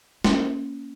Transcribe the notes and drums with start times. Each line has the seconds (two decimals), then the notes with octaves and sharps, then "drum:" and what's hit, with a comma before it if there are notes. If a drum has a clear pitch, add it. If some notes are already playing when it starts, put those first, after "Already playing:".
0.24 A#3 C#4, drum: snare